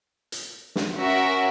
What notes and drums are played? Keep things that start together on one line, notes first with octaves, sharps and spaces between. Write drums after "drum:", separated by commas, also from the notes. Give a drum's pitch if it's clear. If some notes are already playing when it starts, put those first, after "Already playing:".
drum: hi-hat
drum: snare
C#4 F#4 A#4 E5